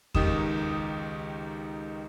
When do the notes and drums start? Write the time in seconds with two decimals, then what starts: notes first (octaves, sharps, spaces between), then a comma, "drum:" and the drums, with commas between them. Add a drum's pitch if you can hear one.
0.15 C#2 D#3 D#4 G4 D#6 E7, drum: kick E2